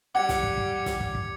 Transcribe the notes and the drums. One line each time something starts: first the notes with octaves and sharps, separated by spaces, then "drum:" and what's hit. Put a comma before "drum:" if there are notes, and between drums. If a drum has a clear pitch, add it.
G3 F#5 D6 G#6 C#7
drum: snare
drum: kick
drum: kick
drum: snare
drum: kick
drum: kick